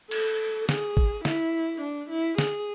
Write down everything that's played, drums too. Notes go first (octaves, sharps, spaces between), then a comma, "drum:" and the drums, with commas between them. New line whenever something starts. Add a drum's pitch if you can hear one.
A4, drum: cymbal
G#4, drum: snare
drum: kick
E4, drum: snare
D4
E4
G#4, drum: snare